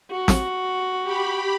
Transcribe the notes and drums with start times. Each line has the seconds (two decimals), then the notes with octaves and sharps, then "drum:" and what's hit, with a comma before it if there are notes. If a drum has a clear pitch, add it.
0.11 F#4
0.28 drum: snare
1.04 G4 B5